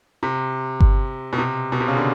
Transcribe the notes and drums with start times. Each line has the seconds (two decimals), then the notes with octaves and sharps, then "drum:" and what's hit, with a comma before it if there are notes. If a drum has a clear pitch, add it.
0.23 C3
0.80 drum: kick G1
1.33 B2
1.38 C3
1.72 B2
1.80 C3
1.88 C#3
1.97 D3